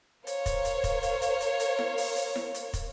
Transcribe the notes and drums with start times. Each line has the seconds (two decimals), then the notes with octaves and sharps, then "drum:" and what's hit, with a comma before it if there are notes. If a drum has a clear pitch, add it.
0.27 A#4 C5 C#5 F5, drum: hi-hat
0.46 drum: kick, hi-hat
0.65 drum: hi-hat
0.84 drum: kick, hi-hat
1.03 drum: hi-hat
1.22 drum: hi-hat
1.41 drum: hi-hat
1.60 drum: hi-hat
1.79 drum: snare E4
1.98 drum: open hi-hat
2.17 drum: hi-hat
2.36 drum: snare E4
2.55 drum: hi-hat
2.73 drum: kick, hi-hat